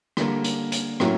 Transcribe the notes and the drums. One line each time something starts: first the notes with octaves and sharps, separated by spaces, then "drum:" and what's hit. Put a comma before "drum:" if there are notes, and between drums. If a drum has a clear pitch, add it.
D3 G3 A#3, drum: rim click
drum: hi-hat
drum: hi-hat
A2 F#3 A#3 C#4 E4, drum: rim click